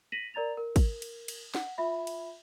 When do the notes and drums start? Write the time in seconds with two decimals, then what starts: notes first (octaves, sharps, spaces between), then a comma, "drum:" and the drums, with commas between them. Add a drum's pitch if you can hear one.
0.12 A#6 B6 D#7 E7 F#7
0.34 A#4 D5 A#5 A6 F7
0.57 A#4
0.76 drum: kick, cymbal
1.02 drum: cymbal
1.28 drum: cymbal
1.55 F#5, drum: snare
1.78 F4 E5 B5
2.07 drum: cymbal